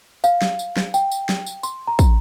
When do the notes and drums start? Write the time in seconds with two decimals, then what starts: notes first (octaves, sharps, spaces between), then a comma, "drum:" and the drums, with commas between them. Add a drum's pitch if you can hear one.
0.24 F5, drum: tambourine
0.42 drum: snare
0.59 drum: tambourine
0.77 drum: snare
0.94 G5, drum: tambourine
1.12 drum: tambourine
1.29 drum: snare
1.46 drum: tambourine
1.63 C6, drum: tambourine
1.87 A#5
1.99 drum: kick, tambourine